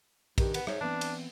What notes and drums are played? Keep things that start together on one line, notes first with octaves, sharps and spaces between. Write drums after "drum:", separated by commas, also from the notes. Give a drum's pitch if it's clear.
G2 D#3 G4, drum: kick A#1, cymbal
B3, drum: cymbal
G#2 C#5 E5, drum: rim click
E3 B3 C4 D4
drum: cymbal